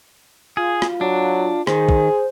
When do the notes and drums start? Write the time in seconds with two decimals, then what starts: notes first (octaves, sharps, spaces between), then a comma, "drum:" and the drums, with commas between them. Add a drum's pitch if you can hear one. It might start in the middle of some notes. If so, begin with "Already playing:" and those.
0.57 F4 G#4
0.82 drum: rim click
1.01 F#3 D4
1.67 D#3 G#4 C5, drum: rim click
1.89 drum: kick